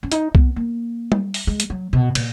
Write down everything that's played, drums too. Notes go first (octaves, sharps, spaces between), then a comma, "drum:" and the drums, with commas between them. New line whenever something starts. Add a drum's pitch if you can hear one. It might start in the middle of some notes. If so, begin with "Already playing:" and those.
C#4
D#4, drum: hi-hat
B3, drum: kick C2
A#3
drum: tom G3
drum: open hi-hat
G#3
drum: hi-hat
F#3
B2
A#2, drum: cymbal